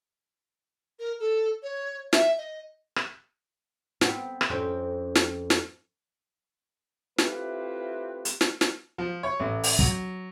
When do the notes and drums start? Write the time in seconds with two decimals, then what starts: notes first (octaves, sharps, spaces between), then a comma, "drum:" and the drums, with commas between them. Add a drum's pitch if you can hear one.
0.99 A#4
1.20 A4
1.63 C#5
2.13 E5, drum: snare
2.38 D#5
2.96 drum: rim click
4.01 B3 C4, drum: snare
4.41 drum: rim click
4.50 F2 C4 C#4
5.15 drum: snare
5.50 drum: snare
7.18 A3 C4 E4 F4 G4 B4, drum: snare
8.25 drum: hi-hat
8.41 drum: snare
8.61 drum: snare
8.98 F3
9.23 C#5
9.40 A1
9.64 drum: open hi-hat
9.79 F#3, drum: kick